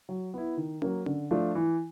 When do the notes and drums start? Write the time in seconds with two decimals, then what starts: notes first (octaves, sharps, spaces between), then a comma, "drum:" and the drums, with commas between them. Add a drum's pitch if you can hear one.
0.09 F#3
0.34 B3 E4
0.57 D#3
0.82 F#3 A#3, drum: tom C#4
1.06 D3, drum: tom C#4
1.31 F3 A3 D4 F4
1.55 E3